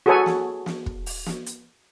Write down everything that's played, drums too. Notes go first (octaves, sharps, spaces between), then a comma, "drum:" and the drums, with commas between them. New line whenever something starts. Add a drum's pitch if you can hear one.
F#4 G#4 A4 B4 C#5 G#5
drum: snare
drum: snare
drum: kick
drum: open hi-hat
drum: snare
drum: hi-hat